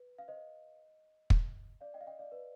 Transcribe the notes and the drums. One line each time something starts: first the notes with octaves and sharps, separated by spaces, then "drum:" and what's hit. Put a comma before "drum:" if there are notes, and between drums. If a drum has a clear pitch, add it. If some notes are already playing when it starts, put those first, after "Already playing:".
Already playing: B4
F5
C5 D#5
drum: kick
D5 F5
D#5 G5
F5
D#5 G5
D5 F5
B4